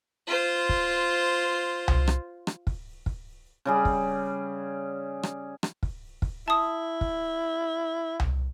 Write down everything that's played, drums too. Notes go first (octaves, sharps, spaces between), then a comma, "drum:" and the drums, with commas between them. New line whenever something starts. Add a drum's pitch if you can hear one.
F4 C5
drum: kick
drum: tom C2
drum: rim click
drum: rim click
drum: kick
drum: kick
C#3 G3 G#4
drum: kick
drum: rim click
drum: rim click
drum: kick
drum: kick
E4 A5 D#6
drum: kick
drum: tom C2